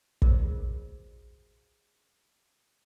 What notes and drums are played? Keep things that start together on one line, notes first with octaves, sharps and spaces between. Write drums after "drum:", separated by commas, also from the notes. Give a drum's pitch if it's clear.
F4 F#4 G#4 A#4 C5 D5, drum: kick